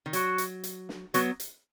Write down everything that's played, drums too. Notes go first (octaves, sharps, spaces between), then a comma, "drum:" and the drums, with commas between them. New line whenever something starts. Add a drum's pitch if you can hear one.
D#3
F#3 F#4, drum: hi-hat
drum: hi-hat
drum: hi-hat
drum: snare
F#3 B3 F#4, drum: hi-hat
drum: hi-hat